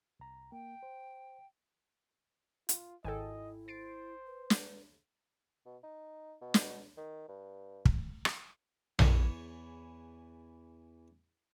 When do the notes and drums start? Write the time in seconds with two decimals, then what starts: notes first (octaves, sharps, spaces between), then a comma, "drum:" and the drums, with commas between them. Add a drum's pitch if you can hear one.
0.20 C2 A#5
0.52 A#3 G5
0.83 C5
2.69 F4, drum: hi-hat
3.05 G#1 E4 A4 D#5 G5 G#5
3.68 C5 A6 C7 D7
4.27 B4
4.50 drum: snare
5.66 B2
5.83 D#4
6.41 B2
6.54 drum: snare
6.97 D#3
7.28 G2
7.85 drum: kick
8.25 drum: rim click
8.99 E2 E3 G#4 C#5, drum: tom A#1